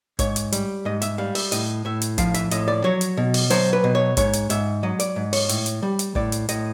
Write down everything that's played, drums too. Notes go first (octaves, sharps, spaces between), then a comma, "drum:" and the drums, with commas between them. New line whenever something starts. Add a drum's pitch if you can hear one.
G#2 C#5, drum: kick, hi-hat
drum: hi-hat
G3, drum: hi-hat
G#2 D#5
E5, drum: hi-hat
G3 F5
E5, drum: open hi-hat
A2 D#5, drum: hi-hat
A2 E5
drum: hi-hat
F3 F5, drum: kick, hi-hat
E5, drum: hi-hat
A2 D#5, drum: hi-hat
D5
F#3 C#5
drum: hi-hat
B2
drum: open hi-hat
F#3 C5, drum: hi-hat
B4
B2
C#5
G#2 C#5, drum: kick, hi-hat
drum: hi-hat
G#2 E5, drum: hi-hat
F#3 D#5
D5, drum: hi-hat
G#2
C#5, drum: open hi-hat
A2, drum: hi-hat
drum: hi-hat
G3
drum: hi-hat
A2 D5, drum: kick
drum: hi-hat
A2 D#5, drum: hi-hat